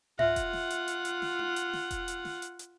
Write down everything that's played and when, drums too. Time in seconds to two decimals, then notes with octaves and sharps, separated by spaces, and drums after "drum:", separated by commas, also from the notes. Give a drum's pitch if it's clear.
0.19 F4 E5 F#5, drum: tom G#2
0.36 drum: kick E1, hi-hat
0.53 drum: snare
0.70 drum: hi-hat
0.88 drum: hi-hat
1.05 drum: hi-hat
1.22 drum: snare
1.39 drum: tom D#4
1.56 drum: hi-hat
1.73 drum: snare
1.91 drum: kick E1, hi-hat
2.08 drum: hi-hat
2.25 drum: snare
2.42 drum: hi-hat
2.59 drum: hi-hat